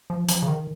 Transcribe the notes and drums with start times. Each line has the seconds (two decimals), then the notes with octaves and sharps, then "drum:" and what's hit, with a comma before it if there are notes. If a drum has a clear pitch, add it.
0.10 F3
0.29 F3, drum: hi-hat
0.42 C#3
0.48 D#3